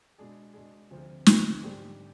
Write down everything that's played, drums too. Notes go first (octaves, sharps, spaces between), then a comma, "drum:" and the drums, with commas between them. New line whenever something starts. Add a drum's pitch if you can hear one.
B2 G#3 D4 G#4
B2 G#3 D4 G#4
D2 C3 F3 C4
D2 C3 F3 C4, drum: snare
G#2 G3 D4 G4